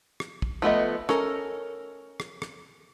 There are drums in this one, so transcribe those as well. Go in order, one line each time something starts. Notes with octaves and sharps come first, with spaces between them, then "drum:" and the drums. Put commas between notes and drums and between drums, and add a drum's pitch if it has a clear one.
drum: rim click
drum: kick
F3 A3 B3 D#5
C#4 A4 A#4, drum: rim click
drum: rim click
drum: rim click